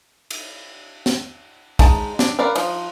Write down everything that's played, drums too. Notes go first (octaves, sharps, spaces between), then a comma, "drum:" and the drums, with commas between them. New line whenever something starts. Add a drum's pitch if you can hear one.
drum: cymbal
drum: snare
G#3 D#4 A5, drum: kick, cymbal
D4, drum: snare
A#4 B4 D5 F5 F#5
F3 D#4, drum: cymbal